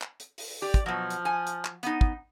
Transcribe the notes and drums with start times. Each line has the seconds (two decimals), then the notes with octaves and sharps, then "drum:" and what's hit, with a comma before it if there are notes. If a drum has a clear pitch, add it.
0.02 drum: clap
0.20 drum: hi-hat
0.38 drum: open hi-hat
0.62 G4 D5
0.74 drum: kick, hi-hat
0.86 B2 F3 F#3
1.10 drum: hi-hat
1.25 G#5
1.47 drum: hi-hat
1.65 drum: clap
1.83 B3 D#4, drum: hi-hat
2.01 drum: kick